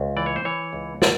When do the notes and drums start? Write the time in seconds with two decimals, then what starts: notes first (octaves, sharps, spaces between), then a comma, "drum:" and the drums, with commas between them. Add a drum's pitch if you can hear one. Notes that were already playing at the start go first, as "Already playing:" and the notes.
Already playing: C#2
0.17 E3 D5
0.26 C#5
0.36 C5
0.45 E3 C#5
0.73 C#2
1.02 D5, drum: snare